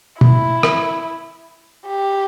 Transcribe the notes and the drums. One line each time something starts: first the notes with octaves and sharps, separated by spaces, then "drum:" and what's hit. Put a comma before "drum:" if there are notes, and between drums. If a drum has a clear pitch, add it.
E4, drum: tom
drum: rim click
G4